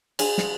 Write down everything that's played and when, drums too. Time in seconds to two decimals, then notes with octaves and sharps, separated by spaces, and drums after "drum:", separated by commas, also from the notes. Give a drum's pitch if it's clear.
0.19 D4 G#4, drum: cymbal
0.38 drum: snare